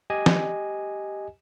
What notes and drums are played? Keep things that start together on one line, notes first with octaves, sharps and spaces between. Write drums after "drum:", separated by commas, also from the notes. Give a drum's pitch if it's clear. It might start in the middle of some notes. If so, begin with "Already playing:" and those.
G4 D#5 G#5
drum: snare